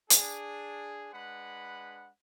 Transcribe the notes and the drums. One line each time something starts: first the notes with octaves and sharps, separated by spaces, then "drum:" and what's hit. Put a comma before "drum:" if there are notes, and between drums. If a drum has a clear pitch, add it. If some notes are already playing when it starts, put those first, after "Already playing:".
D4 G#4, drum: hi-hat
G#3 D4 B4 F#5 B5